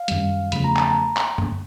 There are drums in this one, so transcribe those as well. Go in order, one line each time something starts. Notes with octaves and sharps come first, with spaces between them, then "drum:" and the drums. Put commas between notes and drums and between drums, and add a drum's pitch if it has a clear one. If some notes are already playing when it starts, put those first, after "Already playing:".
Already playing: F5
F#2 D#3 G3, drum: hi-hat
E2 C#3 F3 A3 B5, drum: hi-hat
A#5
A5, drum: clap
A#5
drum: clap
drum: tom F#2